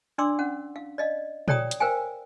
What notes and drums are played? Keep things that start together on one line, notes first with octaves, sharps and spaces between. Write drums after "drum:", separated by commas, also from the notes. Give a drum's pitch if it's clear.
D4 D5 C6 D6 E6
C#4 F#5
F5
D5 D#5 F5
A4 C#5 D5 G5 A#5 D#6, drum: tom A#2
drum: hi-hat
A#4 C5 F5 G5 G#5